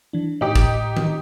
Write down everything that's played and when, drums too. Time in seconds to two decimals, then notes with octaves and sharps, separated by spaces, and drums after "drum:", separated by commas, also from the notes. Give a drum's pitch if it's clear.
0.13 E3 D4
0.41 A2 D#4 G4
0.56 drum: kick
0.97 drum: tom D#3